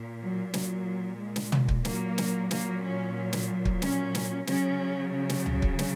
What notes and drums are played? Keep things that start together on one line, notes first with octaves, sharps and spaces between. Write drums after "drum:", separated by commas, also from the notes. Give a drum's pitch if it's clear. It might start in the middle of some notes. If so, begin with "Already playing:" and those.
Already playing: A#2
F#3
F#3, drum: snare
G#3
drum: snare
drum: tom
drum: kick
A#2 F#3 A#3, drum: snare
drum: snare
A#3, drum: snare
C#4
drum: snare
drum: kick
C#4, drum: snare
drum: snare
C#3 F#3 C#4, drum: snare
C#4
drum: snare
drum: tom C#2
drum: kick
drum: snare